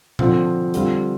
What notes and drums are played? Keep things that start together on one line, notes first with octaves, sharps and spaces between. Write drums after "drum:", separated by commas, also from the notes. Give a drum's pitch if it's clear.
D3 F3 C4 F4, drum: tom A#2
D3 G3 C4 F4, drum: hi-hat